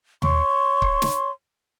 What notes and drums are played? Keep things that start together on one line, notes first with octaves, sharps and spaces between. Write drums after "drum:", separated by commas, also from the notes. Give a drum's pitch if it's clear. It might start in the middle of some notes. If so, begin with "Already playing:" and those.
C#5 C6 C#6, drum: tom D#2
drum: kick C#1
drum: snare